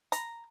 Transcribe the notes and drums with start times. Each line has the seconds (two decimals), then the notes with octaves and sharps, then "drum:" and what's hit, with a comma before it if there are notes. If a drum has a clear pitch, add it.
0.12 A#5, drum: hi-hat